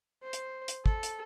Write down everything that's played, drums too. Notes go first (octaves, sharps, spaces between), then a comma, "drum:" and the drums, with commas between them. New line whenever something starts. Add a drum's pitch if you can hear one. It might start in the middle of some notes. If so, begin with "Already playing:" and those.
C5
drum: hi-hat
drum: hi-hat
A4, drum: kick
drum: hi-hat